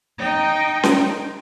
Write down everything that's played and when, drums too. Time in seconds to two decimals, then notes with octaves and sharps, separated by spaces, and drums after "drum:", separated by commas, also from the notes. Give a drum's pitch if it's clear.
0.18 D#4 G5
0.83 drum: snare C#4